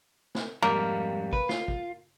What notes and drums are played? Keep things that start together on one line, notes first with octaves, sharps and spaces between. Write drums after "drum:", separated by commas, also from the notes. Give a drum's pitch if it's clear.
drum: snare
F2 G#2 G3 A#3
B4, drum: kick
F4, drum: snare
drum: kick